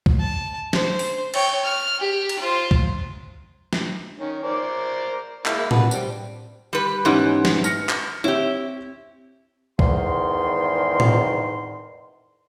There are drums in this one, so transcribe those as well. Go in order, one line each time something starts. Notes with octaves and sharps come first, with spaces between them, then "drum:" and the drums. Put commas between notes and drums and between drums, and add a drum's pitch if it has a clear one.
drum: kick C2
A5
C5, drum: snare
drum: open hi-hat
C#5 G5, drum: cymbal
F6
G4
drum: cymbal
F4 C5
drum: kick C2
drum: snare
D#3 C#4
A#4 C5 D5
G#3 A#3 E4, drum: clap
B4 F#5 A5, drum: tom A2
G3 C4, drum: tambourine
G3 B4
G#2 E3 B3 C#4 D#4 G4
drum: snare
F6 A#6 C#7, drum: tambourine
drum: clap
C4 E4 G4 C#5 E5
E2 G#2 D#3 C6, drum: kick C2
drum: tom A2